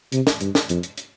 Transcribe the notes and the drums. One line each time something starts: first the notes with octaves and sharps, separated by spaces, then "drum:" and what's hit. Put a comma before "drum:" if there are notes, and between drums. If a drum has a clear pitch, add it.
C3, drum: hi-hat
drum: snare
G2, drum: hi-hat
drum: snare
F2, drum: hi-hat
drum: hi-hat
drum: hi-hat